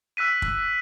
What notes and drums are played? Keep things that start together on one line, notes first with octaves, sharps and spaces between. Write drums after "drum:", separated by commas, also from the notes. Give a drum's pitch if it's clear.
E6 F#6 B6 D#7
drum: kick